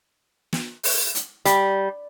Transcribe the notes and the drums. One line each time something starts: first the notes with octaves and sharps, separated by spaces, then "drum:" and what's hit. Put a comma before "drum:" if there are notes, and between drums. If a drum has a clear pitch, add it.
drum: snare
drum: open hi-hat
drum: hi-hat
G3, drum: hi-hat